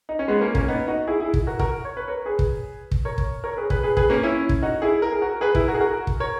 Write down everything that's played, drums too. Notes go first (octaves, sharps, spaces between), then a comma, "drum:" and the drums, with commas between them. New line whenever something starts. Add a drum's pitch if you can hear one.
D#4
C#4
G#3 B3
A#3 C#4
A#3 C#4, drum: kick
B3 D#4
D#4 F#4
E4 G#4
E4 G#4
drum: kick
F#4 A#4
F#4 A#4, drum: kick
C#5
B4
A#4 C#5
G#4 B4
drum: kick
drum: kick
A#4 C#5
drum: kick
A#4 C#5
G#4 B4
G#4 B4, drum: kick
G#4 B4
G#4 B4, drum: kick
A#3 C#4
C#4 E4
drum: kick
D#4 F#4
E4 G#4
A#4
G#4
F#4 A#4
G#4 B4
E4 G#4, drum: kick
F#4 A#4
G#4
F#4 A#4
drum: kick
A#4 C#5